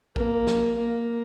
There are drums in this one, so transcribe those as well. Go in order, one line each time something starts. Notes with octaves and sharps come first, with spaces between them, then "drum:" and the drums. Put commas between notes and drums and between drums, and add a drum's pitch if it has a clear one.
A#3, drum: kick A#1
drum: snare
A#3